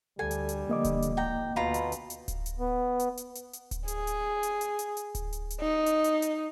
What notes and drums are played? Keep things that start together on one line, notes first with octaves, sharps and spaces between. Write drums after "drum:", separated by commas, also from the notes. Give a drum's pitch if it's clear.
D2 G3 A4 G#5
drum: hi-hat
drum: hi-hat
D3 F3 A#3 D#5 D6
drum: kick D1, hi-hat
drum: hi-hat
G#1 G5 A#5
D2 B2 F4 A#5 B5
drum: hi-hat
drum: hi-hat
drum: hi-hat
drum: kick D1, hi-hat
drum: hi-hat
B3
drum: hi-hat
drum: hi-hat
drum: hi-hat
drum: hi-hat
drum: kick D1, hi-hat
G#4, drum: hi-hat
drum: hi-hat
drum: hi-hat
drum: hi-hat
drum: hi-hat
drum: hi-hat
drum: kick D1, hi-hat
drum: hi-hat
drum: hi-hat
D#4
drum: hi-hat
drum: hi-hat
drum: hi-hat